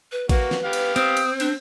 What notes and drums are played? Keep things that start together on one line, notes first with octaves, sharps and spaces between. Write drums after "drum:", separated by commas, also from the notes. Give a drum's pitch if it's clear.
B4
A#3 F#4 B4, drum: kick A1, cymbal
drum: snare
B3 G4 F5
drum: cymbal
C4 D#6, drum: cymbal
drum: cymbal
D4, drum: cymbal